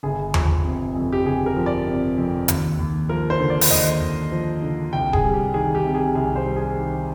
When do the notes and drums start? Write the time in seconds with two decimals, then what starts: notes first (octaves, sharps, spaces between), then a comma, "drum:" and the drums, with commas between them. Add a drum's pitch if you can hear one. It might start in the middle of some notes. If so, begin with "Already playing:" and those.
0.03 G1 G#4
0.34 F3, drum: tom D#2
0.65 C3
0.95 F2
1.12 G4
1.25 G1 G#4
1.46 A#4
1.56 F3
1.66 D5
1.87 C3
2.18 F2
2.48 D#2, drum: hi-hat
2.79 D#2
3.09 F3 A#4
3.30 C5
3.40 D3
3.50 D5
3.61 drum: open hi-hat
3.71 D#2 D#5
4.01 D#2
4.32 F3
4.62 D3
4.93 C2 G5
5.13 G#4, drum: kick D#1
5.23 G3
5.33 G4
5.54 D#3 G#4
5.75 G4
5.84 C3
5.95 G#4
6.15 C2 G#4
6.36 C5
6.46 G3
6.56 G#4
6.77 D#3